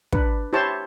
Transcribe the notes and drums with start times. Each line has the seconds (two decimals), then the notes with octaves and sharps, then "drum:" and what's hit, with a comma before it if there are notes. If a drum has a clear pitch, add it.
0.12 D4 B4, drum: kick
0.53 E4 G4 C5 C#5 A5